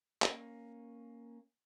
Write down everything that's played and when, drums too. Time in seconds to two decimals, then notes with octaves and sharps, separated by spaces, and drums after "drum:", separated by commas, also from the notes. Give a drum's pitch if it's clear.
0.22 A#3 C#4, drum: clap